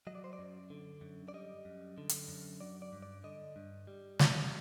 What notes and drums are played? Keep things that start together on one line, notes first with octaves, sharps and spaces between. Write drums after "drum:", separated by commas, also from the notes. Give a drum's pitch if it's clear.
F#3 D#5
D5
C5
D5
F#2
D3
F#2
D5
G3 D#5
F#2
D3
drum: hi-hat
F#2
F#3 D5
D5
G2
D5
D3 D#5
G2
G3
F#2, drum: snare